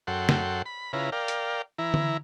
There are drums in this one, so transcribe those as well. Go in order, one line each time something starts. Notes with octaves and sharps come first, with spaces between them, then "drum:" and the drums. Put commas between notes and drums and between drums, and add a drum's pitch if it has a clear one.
F#2 A4 F#5 G5 C6
drum: snare
B5
C#3 E4 F4 B4 A#5
A#4 D5 F5 G5
drum: hi-hat
E3 E4 A#5
drum: tom D3